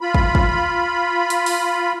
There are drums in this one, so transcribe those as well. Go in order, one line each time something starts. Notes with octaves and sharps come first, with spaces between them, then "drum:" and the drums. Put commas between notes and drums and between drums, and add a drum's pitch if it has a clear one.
F4 B5
drum: kick
drum: kick
drum: hi-hat
drum: open hi-hat